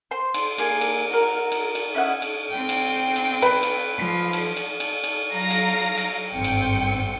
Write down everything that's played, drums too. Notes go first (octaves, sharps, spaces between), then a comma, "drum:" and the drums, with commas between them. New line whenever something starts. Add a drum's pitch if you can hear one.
C5 C6
drum: cymbal
A#3 G#4, drum: cymbal
drum: cymbal
F#4 A#4
drum: cymbal
drum: cymbal
C#4 E4 D#5 F#5
drum: cymbal
C4 G5
drum: cymbal
drum: cymbal
B4, drum: cymbal
drum: cymbal
F3
drum: cymbal
drum: cymbal
drum: cymbal
drum: cymbal
F#3 F5 A#5 A#6
drum: cymbal
drum: cymbal
G#1 G2 C4 G5 C#7
drum: cymbal